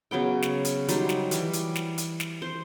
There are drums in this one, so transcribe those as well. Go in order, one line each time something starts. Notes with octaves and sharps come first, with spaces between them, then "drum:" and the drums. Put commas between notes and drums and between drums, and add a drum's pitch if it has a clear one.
C#3 F#3 B3 G5
drum: snare
drum: hi-hat
F#3 G3 D#4 C5, drum: hi-hat
drum: snare
E3 G3 D6, drum: hi-hat
drum: hi-hat
drum: snare
drum: hi-hat
drum: snare
C5